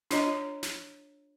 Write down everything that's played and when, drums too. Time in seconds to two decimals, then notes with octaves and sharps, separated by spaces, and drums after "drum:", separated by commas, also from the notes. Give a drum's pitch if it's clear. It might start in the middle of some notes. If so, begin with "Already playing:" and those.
0.11 D4 F4 C#5 D#5 A#5, drum: snare
0.63 drum: snare